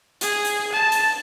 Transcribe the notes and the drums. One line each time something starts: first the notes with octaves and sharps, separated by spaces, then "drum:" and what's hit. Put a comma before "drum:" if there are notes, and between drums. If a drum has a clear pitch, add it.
G#4, drum: hi-hat
drum: hi-hat
A5
drum: hi-hat